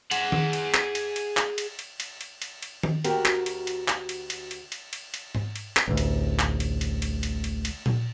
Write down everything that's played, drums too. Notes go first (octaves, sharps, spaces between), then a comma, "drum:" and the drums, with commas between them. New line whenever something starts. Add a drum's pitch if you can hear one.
G#4 F#5, drum: cymbal
drum: tom D#3
drum: cymbal
drum: clap
drum: cymbal
drum: cymbal
drum: clap
drum: cymbal
drum: cymbal
drum: cymbal
drum: cymbal
drum: cymbal
drum: cymbal
drum: tom D#3
D2 F#4 G4 A#4, drum: cymbal
drum: clap
drum: cymbal
drum: cymbal
drum: clap
drum: cymbal
drum: cymbal
drum: cymbal
drum: cymbal
drum: cymbal
drum: cymbal
drum: tom G#2
drum: cymbal
drum: clap
A1 D2
drum: cymbal
drum: clap
drum: cymbal
drum: cymbal
drum: cymbal
drum: cymbal
drum: cymbal
drum: cymbal
drum: tom A#2